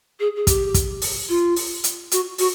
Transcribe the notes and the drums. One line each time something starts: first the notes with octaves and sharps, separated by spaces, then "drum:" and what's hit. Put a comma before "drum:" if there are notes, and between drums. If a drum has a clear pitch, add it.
G#4
G#4
G4, drum: kick, hi-hat
drum: kick, hi-hat
drum: open hi-hat
F4
drum: open hi-hat
drum: hi-hat
F#4, drum: hi-hat
F#4, drum: open hi-hat